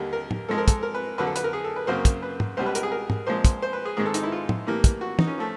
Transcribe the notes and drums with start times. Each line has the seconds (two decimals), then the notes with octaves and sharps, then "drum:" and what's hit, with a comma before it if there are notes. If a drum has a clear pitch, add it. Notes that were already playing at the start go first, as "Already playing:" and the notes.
Already playing: D#2 D3 G3 A#3 G4
0.13 A#4
0.31 drum: tom
0.49 G#2 F3 G#3 A4
0.58 A#4
0.68 A4, drum: kick, hi-hat
0.83 A#4
0.94 B4
1.18 F2 D3 F#3 B4
1.27 A4
1.36 B4, drum: hi-hat
1.44 A#4
1.53 G#4
1.64 A4
1.76 B4
1.87 F#2 C#3 F#3 A#3 C5
2.05 drum: kick, hi-hat
2.22 B4
2.40 drum: tom
2.57 C#2 B2 G3 C5
2.66 B4
2.75 A#4, drum: hi-hat
2.83 G#4
2.92 A#4
3.10 drum: tom
3.27 A#2 F3 G#3 C5
3.45 drum: kick, hi-hat
3.62 C5
3.73 B4
3.85 G#4
3.97 G#2 D#3 G#3 G#4
4.06 A4
4.14 D#4, drum: hi-hat
4.23 E4
4.32 F4
4.49 drum: tom
4.66 A2 E3 G3 A#3
4.84 drum: kick, hi-hat
5.01 F#4
5.19 D#4, drum: tom
5.27 C#4
5.38 F3 A3